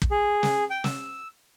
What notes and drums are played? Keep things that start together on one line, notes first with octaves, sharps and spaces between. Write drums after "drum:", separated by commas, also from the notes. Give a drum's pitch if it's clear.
drum: kick
G#4
drum: snare
G5
E6, drum: snare